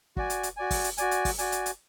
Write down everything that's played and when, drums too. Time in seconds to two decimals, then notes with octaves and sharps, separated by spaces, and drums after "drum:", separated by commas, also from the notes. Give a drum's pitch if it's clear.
0.16 F#4 D5 G#5, drum: kick
0.30 drum: hi-hat
0.43 drum: hi-hat
0.57 F#4 D5 G#5
0.71 drum: kick, open hi-hat
0.84 drum: hi-hat
0.98 F#4 D5 G#5, drum: hi-hat
1.11 drum: hi-hat
1.25 drum: kick, open hi-hat
1.38 F#4 D5 G#5, drum: hi-hat
1.52 drum: hi-hat
1.66 drum: hi-hat